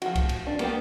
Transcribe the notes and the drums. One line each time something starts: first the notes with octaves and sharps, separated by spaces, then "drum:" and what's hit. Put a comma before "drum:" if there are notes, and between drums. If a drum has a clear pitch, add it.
F3 F#4, drum: cymbal
drum: kick C2, cymbal
drum: cymbal
D4
A#3 B3 D4 G4, drum: cymbal